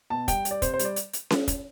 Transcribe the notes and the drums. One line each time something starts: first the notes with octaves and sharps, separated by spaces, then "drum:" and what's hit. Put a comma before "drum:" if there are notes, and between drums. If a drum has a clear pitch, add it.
B2 A5
G3 G5, drum: kick, hi-hat
G3, drum: hi-hat
D5
C3 C5, drum: kick, hi-hat
C5
G3, drum: hi-hat
D5
drum: hi-hat
drum: hi-hat
drum: snare C#4
drum: kick, hi-hat